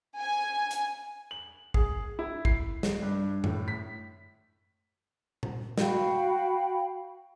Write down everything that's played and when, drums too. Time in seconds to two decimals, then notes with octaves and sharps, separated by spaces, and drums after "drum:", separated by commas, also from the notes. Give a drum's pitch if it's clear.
0.19 G#5
0.71 drum: hi-hat
1.31 F#7
1.74 G#4, drum: kick
2.19 E4
2.45 C7, drum: kick
2.83 drum: snare
3.03 G2
3.44 A2, drum: tom F#2
3.68 B6
5.43 drum: tom A#2
5.78 F#4 F5 G5 B5, drum: snare